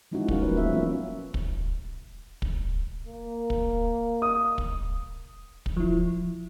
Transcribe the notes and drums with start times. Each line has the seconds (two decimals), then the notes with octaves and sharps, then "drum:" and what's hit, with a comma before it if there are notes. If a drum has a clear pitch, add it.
0.12 F3 G#3 C#4 D#4 E4 F#4
0.28 F#3 D#4 A#4 F5, drum: kick
0.41 F3 A3 A#3 B4 C#5
0.57 E5
0.71 E3 F#3 B3 C#4 F4
1.34 drum: kick
2.42 drum: kick
3.07 A#3
3.50 drum: kick
4.22 D#6
4.58 drum: kick
5.66 drum: kick
5.77 F3 E4